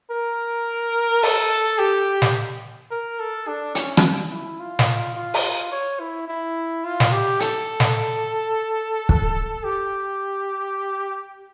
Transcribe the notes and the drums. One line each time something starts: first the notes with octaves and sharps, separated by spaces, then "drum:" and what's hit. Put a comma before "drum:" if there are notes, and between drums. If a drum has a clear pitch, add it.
A#4
A4, drum: open hi-hat
G4
drum: snare
A#4
A4
D4
C#4, drum: hi-hat
drum: rim click
E4
F4
drum: snare
F4
drum: open hi-hat
C#5
E4
E4
F4
drum: snare
G4
A4, drum: hi-hat
drum: snare
drum: kick
G4